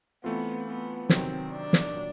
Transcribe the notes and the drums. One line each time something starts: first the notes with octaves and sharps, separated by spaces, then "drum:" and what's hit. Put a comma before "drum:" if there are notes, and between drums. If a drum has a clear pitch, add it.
E3 A3 B3 C4 F4
B3
C3 D#3 F#3 C4, drum: snare
D4
drum: snare
A#2 F#3